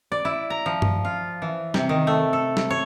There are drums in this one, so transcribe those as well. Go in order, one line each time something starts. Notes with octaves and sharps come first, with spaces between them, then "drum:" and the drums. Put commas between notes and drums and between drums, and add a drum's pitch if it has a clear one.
D5
E4
A#5
F3
drum: tom G2
F4
E3
C3, drum: snare
D#3
A3
A4
drum: snare
C#5